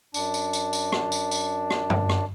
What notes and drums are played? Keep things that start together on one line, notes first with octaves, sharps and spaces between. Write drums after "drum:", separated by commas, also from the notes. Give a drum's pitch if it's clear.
F#2 D4, drum: tambourine
drum: tambourine
drum: tambourine
drum: tambourine
drum: rim click
drum: tambourine
drum: tambourine
drum: rim click
drum: tom F#2
drum: rim click